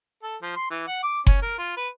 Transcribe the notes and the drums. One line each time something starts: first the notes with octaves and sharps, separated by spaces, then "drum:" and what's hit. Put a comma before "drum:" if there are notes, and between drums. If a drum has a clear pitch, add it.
A4
F3
C6
E3
F#5
D6
C#4, drum: kick F#1
A#4
F4
B4